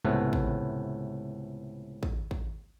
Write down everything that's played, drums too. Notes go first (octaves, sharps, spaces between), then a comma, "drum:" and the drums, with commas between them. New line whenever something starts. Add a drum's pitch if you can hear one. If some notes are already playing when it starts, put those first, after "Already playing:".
C#2 A2 C3 A3 B3 B4
drum: kick
drum: kick
drum: kick